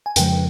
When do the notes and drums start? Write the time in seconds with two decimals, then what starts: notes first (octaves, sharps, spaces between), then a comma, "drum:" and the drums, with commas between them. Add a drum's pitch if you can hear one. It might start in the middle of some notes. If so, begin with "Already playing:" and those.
0.06 G#5
0.16 F2 C#3 F3 G#3 G5, drum: hi-hat